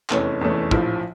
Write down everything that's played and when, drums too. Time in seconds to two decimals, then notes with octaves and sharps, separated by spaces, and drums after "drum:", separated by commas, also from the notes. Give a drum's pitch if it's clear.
0.10 F1 E2 E3 A3 C#4, drum: clap
0.41 F1 E2 E3 A3 C#4
0.71 A#1 A2 F3, drum: kick